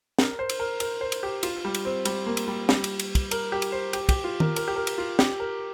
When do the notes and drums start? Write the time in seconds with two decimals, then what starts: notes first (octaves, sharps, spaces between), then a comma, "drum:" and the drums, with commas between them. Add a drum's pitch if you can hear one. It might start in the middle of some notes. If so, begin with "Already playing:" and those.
0.19 A#4, drum: snare
0.39 C5
0.49 drum: cymbal
0.60 A#4
0.80 A#4, drum: cymbal
1.01 C5
1.12 drum: cymbal
1.23 G4
1.43 F4, drum: cymbal
1.65 G3
1.74 drum: cymbal
1.85 C4
2.05 G3, drum: cymbal
2.26 A#3
2.37 drum: cymbal
2.48 G3
2.69 G3, drum: snare
2.84 drum: cymbal
2.99 drum: cymbal
3.15 drum: kick, cymbal
3.31 A#4, drum: cymbal
3.52 G4
3.62 drum: cymbal
3.72 C5
3.93 G4, drum: cymbal
4.09 G4, drum: kick, cymbal
4.24 F4
4.40 A#4, drum: tom D#3
4.56 A#4, drum: cymbal
4.68 G4
4.76 A#4
4.87 drum: cymbal
4.98 F4
5.19 G4, drum: snare
5.40 A#4